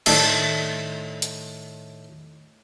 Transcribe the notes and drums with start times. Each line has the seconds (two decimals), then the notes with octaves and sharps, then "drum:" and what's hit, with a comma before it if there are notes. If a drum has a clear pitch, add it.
0.06 A2 D#3 A3 D4 A4 E5, drum: cymbal
1.22 drum: hi-hat